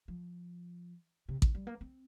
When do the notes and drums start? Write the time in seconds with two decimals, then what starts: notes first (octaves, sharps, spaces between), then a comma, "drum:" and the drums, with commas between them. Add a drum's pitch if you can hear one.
0.08 F3
1.29 C3
1.42 D#3, drum: kick A1
1.55 G3
1.67 A#3
1.81 C4